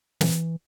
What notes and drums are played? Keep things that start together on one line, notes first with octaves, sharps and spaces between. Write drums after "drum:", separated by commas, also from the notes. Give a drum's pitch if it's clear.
E3, drum: snare